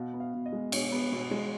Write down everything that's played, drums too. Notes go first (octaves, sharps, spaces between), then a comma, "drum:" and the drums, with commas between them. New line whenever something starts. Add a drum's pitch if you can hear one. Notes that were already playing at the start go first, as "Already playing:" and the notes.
Already playing: B2 F5
B3
F5
B2
D#5
G#3
B2 C#5, drum: cymbal
B3
B2
G#3